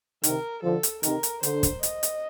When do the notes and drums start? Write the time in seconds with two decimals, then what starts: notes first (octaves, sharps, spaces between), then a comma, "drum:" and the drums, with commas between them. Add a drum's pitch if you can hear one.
0.23 C3 D#3 A#4, drum: hi-hat
0.63 D3 F3 A4
0.83 drum: hi-hat
1.03 C3 D#3 A#4, drum: hi-hat
1.23 drum: hi-hat
1.43 D3 C5, drum: hi-hat
1.63 drum: kick, hi-hat
1.83 D#5, drum: hi-hat
2.03 drum: hi-hat